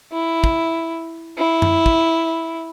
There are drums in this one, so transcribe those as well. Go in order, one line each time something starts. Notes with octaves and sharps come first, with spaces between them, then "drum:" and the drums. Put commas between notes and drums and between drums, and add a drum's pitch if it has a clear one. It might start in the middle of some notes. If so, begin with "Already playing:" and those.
E4
drum: kick
E4
drum: tom F#2
drum: kick